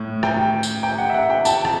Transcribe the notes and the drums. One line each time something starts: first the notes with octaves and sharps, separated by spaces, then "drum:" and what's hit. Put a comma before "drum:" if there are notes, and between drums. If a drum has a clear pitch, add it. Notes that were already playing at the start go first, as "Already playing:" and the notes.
Already playing: A2
G5, drum: rim click
drum: tambourine
G5
F#5
E5
F#5
G5
A5, drum: tambourine
drum: rim click